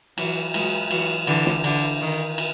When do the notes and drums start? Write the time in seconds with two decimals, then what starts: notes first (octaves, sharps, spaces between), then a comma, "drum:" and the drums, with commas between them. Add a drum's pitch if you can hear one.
0.18 E3 F#3, drum: cymbal
0.54 F#3 G#3, drum: cymbal
0.91 E3 F#3, drum: cymbal
1.27 D3 E3, drum: cymbal
1.46 drum: snare
1.64 D3, drum: cymbal
2.01 D#3
2.38 drum: cymbal